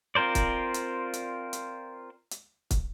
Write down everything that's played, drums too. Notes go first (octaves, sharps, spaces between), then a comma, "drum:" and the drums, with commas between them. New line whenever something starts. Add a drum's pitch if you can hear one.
C4 F4 A#4 C5 D5
drum: kick, hi-hat
drum: hi-hat
drum: hi-hat
drum: hi-hat
drum: hi-hat
drum: kick, hi-hat